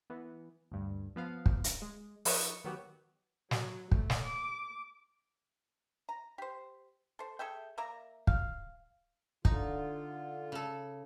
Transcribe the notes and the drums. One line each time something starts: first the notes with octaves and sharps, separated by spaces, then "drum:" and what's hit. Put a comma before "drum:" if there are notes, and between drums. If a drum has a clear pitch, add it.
E3 B3
D2 G2
F3 B3 F5
drum: kick
drum: hi-hat
G#3
F3 D#4 F4 B4 D#5 C#6, drum: open hi-hat
D#3 F#3 B3 F#4 G4
F#3, drum: snare
A3, drum: kick
drum: snare
D6
A#5
G4 C5
A4 C5
G#4 A4 E5 G5
A#3 D5 E5 A#5
F5, drum: kick
D3 D#4 F4, drum: kick
C#3 A4